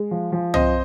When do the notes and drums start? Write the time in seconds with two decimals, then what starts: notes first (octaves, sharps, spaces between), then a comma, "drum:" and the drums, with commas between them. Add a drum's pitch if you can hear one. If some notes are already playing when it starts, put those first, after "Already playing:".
Already playing: G#3
0.11 F3
0.32 F3
0.54 C4 C5 D#5, drum: tom